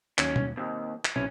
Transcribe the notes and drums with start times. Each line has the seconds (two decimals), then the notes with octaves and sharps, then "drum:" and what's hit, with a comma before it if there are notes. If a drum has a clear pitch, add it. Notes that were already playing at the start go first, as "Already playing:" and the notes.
0.18 D#2 F#3 C#4, drum: clap
0.36 drum: tom B2
0.57 D#2 C4
1.05 drum: clap
1.16 B1 C3 C#4 E4